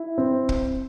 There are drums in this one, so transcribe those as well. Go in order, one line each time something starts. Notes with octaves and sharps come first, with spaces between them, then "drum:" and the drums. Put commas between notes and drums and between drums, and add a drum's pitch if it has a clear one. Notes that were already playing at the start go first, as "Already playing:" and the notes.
Already playing: E4
C4
drum: kick